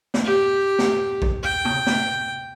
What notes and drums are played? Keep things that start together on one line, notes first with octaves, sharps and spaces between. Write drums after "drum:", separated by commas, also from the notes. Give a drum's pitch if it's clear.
drum: snare
G4
drum: snare
drum: kick A1
G5
drum: tom
drum: snare